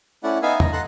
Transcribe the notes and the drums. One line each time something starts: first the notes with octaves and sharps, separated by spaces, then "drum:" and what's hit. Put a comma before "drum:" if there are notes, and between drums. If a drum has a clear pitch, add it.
A3 C#4 E4 D5 F#5
B3 D#4 E5 F5 G#5
D#4 A#5, drum: tom
A4 F#5 A#5 C6 F#6